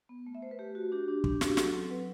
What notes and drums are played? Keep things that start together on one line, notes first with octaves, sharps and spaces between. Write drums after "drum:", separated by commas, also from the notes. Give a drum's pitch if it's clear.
B3
A3
E5
A3 C5
B4
A3 G4
F#4
D4 G4
D4
D4 G4, drum: kick
F#4 G4, drum: snare
F#3 A4, drum: snare
C4
F#3 B4